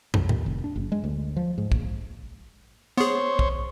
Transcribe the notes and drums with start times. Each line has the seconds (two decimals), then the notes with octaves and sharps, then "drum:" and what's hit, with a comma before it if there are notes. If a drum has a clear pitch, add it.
0.14 B1, drum: tom
0.29 D#2, drum: tom A2
0.46 F1
0.64 D4
0.76 F#1
0.92 G#3
1.04 D2
1.36 F3
1.58 G#2
1.72 A#1, drum: kick
2.97 B3 G#4 C5 C#5
3.39 drum: kick